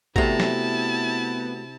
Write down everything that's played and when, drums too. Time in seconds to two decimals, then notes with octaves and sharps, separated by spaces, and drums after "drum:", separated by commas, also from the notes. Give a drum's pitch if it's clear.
0.16 C3 A3 B3 E4 F#4 A5 A#5, drum: kick
0.40 drum: snare